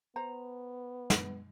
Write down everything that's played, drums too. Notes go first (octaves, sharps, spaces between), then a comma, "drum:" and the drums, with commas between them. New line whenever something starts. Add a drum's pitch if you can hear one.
B3 C5 A#5
drum: snare